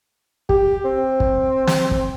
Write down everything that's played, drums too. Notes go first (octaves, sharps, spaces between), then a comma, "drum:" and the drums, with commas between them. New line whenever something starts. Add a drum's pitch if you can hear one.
G4, drum: kick
C4
drum: kick
drum: snare
drum: kick